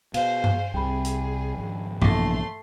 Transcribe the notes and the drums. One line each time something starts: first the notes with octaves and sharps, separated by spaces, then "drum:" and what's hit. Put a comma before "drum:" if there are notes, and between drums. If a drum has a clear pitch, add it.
B2 G#4 C5 F5, drum: cymbal
drum: tom G2
C2 C3 G3 G#4 G5 B5
drum: hi-hat
G#1 F2
A#1 A2 C3 E3 A3 B3 C6, drum: tom G2